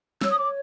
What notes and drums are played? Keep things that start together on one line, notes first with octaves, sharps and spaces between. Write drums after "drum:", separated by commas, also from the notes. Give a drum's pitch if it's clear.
C#5 E6, drum: snare
D#6
C#5 D6